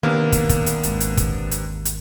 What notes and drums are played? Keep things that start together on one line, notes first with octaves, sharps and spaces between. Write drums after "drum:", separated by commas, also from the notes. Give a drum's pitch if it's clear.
C3 D#3 A#3 B3 D4
drum: kick, hi-hat
drum: kick, hi-hat
drum: hi-hat
G#1 E2, drum: hi-hat
drum: hi-hat
drum: kick, hi-hat
drum: hi-hat
drum: hi-hat